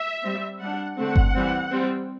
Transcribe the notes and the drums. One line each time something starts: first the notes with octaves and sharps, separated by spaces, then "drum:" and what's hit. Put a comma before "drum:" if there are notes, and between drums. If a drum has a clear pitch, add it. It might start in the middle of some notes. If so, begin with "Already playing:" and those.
Already playing: E5
G3 C4
G3 D4 F#5
D3 A3 C4 F#5
drum: kick G1
E3 G3 C4
G3 C4